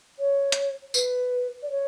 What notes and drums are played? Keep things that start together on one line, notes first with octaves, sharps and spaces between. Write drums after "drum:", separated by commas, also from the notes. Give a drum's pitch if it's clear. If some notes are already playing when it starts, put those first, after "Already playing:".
C#5
drum: hi-hat
B4, drum: tambourine
D5
C#5